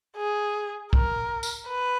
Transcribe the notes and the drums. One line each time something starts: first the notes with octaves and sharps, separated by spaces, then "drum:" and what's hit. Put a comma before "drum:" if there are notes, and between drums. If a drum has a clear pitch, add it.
G#4
A#4, drum: kick C2
drum: tambourine
B4